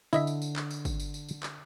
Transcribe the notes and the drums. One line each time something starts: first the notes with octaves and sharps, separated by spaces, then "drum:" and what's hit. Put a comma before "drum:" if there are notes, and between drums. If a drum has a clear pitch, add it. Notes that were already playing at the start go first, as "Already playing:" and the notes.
D3 E4 D#5 E5, drum: tambourine
drum: tambourine
drum: tambourine
drum: clap
drum: tambourine
drum: kick, tambourine
drum: tambourine
drum: tambourine
drum: tambourine
drum: clap